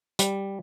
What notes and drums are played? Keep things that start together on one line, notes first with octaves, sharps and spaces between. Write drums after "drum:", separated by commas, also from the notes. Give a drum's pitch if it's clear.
G3, drum: hi-hat